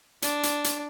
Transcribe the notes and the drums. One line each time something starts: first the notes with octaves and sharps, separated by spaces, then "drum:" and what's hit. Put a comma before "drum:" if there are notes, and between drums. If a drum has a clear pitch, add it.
D4, drum: hi-hat
drum: hi-hat
drum: hi-hat